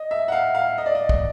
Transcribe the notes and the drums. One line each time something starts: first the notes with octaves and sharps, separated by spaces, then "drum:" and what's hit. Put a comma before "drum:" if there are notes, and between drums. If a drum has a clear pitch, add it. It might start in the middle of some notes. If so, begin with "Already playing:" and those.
Already playing: D#5
E5
F#5
F5
F5
D#5
D5
D#5
drum: kick